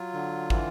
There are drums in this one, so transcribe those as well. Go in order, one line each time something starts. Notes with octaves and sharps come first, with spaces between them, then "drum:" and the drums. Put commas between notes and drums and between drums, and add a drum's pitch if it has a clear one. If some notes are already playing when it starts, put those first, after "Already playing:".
Already playing: F#3 F4
D3
E3, drum: kick